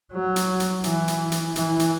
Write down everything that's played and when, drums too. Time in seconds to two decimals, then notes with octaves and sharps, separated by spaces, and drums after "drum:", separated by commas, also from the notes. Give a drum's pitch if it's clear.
0.12 F#3
0.36 drum: hi-hat
0.60 drum: hi-hat
0.84 E3, drum: hi-hat
1.08 drum: hi-hat
1.32 drum: hi-hat
1.56 E3, drum: hi-hat
1.79 drum: hi-hat